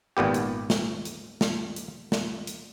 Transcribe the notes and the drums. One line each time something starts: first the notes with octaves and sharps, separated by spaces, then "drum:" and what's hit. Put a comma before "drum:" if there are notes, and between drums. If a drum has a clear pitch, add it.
G#1 A#2 B3 G4
drum: hi-hat
drum: snare
drum: hi-hat
drum: snare
drum: hi-hat
drum: snare
drum: hi-hat